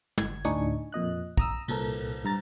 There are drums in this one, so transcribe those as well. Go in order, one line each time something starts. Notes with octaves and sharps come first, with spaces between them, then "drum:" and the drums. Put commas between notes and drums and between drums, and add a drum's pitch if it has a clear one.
G1 G#6, drum: tom
D2 A2 D4 D#4 G#5 C#6, drum: hi-hat
F2 A#2 D#5 F#6
A#5 D#6 E6, drum: kick
C2 A#2 A4 A#4, drum: cymbal
G2 A#5 A6